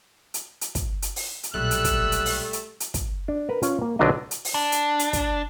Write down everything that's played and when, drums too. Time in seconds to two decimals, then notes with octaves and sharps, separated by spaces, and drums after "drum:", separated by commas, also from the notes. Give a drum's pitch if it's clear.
0.34 drum: hi-hat
0.61 drum: hi-hat
0.75 drum: kick, hi-hat
1.02 drum: hi-hat
1.16 drum: open hi-hat
1.43 drum: hi-hat
1.54 B1 A#2 G3 A3 E6 F#6
1.71 drum: hi-hat
1.84 drum: kick, hi-hat
2.12 drum: hi-hat
2.26 drum: open hi-hat
2.53 drum: hi-hat
2.80 drum: hi-hat
2.94 drum: kick, hi-hat
3.28 D4
3.49 A#4 B4
3.62 C#4 F4, drum: hi-hat
3.82 A#3
3.99 B1 D3 D#3 F#3 D4 D#5
4.31 drum: hi-hat
4.45 drum: open hi-hat
4.54 D4
4.72 drum: hi-hat
4.99 drum: hi-hat
5.13 drum: kick, hi-hat